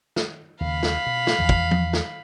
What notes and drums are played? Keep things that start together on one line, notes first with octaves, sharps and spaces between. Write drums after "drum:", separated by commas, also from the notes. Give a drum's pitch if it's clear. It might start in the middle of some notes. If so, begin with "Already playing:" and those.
drum: snare
D#2 C#3 F5 B5
drum: snare
B2
drum: snare
E2 E3 F3
drum: kick
drum: tom F3
drum: snare